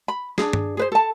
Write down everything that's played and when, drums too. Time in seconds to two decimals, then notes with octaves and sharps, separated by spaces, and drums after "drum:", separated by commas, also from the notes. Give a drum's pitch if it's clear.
0.08 B5
0.38 D4 D#4 G#4, drum: snare
0.53 drum: tom G2
0.77 G#4 B4 C5
0.92 A4 A5